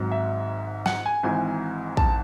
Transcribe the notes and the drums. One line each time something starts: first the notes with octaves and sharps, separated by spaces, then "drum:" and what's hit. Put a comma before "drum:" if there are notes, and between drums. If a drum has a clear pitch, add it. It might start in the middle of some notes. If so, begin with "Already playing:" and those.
Already playing: G#1 G#2 F#3
E5
F#5, drum: snare
G#5
G#1 G#2 E3 G#5
A5, drum: kick